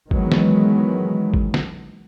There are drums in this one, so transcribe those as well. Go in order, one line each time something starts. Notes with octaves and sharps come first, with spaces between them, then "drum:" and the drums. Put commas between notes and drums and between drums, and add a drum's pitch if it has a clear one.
D#3 E3 F#3 G#3 B3, drum: kick G#1
drum: snare
drum: kick G#1
drum: snare